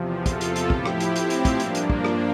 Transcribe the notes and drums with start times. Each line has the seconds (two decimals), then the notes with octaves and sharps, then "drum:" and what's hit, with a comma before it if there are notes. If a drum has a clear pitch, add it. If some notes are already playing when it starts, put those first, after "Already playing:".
Already playing: E2 C3 F3
0.26 F4 A4, drum: kick, hi-hat
0.41 drum: hi-hat
0.56 drum: hi-hat
0.70 A2 F3 E4 G4, drum: kick
0.86 drum: rim click
1.00 drum: hi-hat
1.16 C4 E4, drum: hi-hat
1.30 drum: hi-hat
1.45 drum: kick, hi-hat
1.60 G2 F3 A#3 D4, drum: hi-hat
1.75 drum: hi-hat
1.90 drum: kick
2.05 drum: rim click